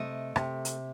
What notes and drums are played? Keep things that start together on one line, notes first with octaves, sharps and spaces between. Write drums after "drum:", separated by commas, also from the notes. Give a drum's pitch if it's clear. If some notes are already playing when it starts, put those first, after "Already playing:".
Already playing: C3 A3 D#5
C3, drum: rim click
drum: hi-hat